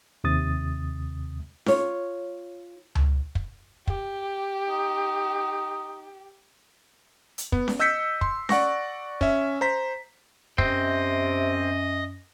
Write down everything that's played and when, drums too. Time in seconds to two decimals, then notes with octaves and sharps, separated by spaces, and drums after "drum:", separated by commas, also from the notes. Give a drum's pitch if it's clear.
0.24 D#2 C3 D#6 A6
1.66 F4 C#5, drum: snare C#4
2.95 drum: tom C#2
3.35 drum: kick
3.87 G4, drum: kick
4.69 D#4
7.38 drum: hi-hat
7.52 B3, drum: kick
7.68 drum: snare C#4
7.79 D#5 E6 G6 B6 C#7
8.21 C6, drum: kick
8.49 D5 F#5 C#6 A#6, drum: snare C#4
9.21 C#4 E5, drum: kick
9.61 C5 A#5 B6
10.58 F#2 C3 C4 D#5, drum: kick